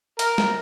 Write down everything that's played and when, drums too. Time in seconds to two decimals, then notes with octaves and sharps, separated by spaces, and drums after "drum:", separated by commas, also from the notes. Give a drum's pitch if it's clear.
0.19 A#4, drum: hi-hat
0.38 drum: snare